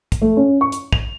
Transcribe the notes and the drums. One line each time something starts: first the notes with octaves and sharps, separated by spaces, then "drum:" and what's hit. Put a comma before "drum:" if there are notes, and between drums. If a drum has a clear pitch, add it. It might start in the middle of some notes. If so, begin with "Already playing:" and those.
drum: kick, hi-hat
A3
C#4
C#6
drum: hi-hat
F7, drum: kick